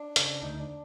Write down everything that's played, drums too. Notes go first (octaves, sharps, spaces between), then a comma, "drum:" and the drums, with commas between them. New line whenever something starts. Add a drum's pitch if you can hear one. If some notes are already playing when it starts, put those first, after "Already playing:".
Already playing: D4
C#3, drum: hi-hat
D2 D#4
D4